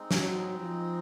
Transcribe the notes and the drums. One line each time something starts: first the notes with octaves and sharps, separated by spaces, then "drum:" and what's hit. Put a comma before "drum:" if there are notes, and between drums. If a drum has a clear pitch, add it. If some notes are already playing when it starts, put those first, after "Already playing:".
Already playing: G#3 C4 D#4
drum: snare
F#3
F3